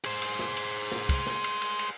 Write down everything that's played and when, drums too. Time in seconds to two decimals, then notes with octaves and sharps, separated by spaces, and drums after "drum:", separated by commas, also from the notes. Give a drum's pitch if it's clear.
0.04 G#4 C5, drum: cymbal
0.22 drum: cymbal
0.39 drum: snare
0.57 drum: cymbal
0.92 drum: snare
1.09 drum: kick, cymbal
1.27 drum: snare
1.44 drum: cymbal
1.62 drum: cymbal
1.79 drum: cymbal